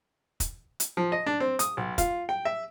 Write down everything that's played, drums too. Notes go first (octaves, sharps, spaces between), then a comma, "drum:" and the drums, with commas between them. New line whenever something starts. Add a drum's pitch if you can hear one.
drum: kick, hi-hat
drum: hi-hat
F3
D#5
D4
C4
D#6, drum: hi-hat
B1
F4, drum: kick, hi-hat
G5
E5